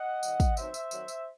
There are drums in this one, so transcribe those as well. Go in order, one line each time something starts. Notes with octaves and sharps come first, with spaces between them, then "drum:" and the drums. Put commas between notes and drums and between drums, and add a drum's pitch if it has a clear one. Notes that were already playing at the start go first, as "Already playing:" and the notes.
Already playing: D#5 F#5
D#3 G3 D#4, drum: tambourine
drum: kick, tambourine
B2 F#3 C4 D#4 C5 E5, drum: tambourine
drum: tambourine
D#3 F#3 C4, drum: tambourine
drum: tambourine